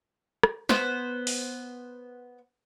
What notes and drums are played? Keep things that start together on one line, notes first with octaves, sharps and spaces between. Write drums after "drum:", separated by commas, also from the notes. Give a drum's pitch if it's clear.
drum: rim click
B3 C5, drum: snare
drum: open hi-hat